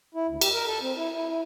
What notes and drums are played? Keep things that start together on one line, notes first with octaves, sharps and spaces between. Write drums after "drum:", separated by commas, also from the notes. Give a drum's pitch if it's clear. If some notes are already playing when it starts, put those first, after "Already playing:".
E4
D2
G4, drum: cymbal
A#4
A4
C4
E4
E4
E4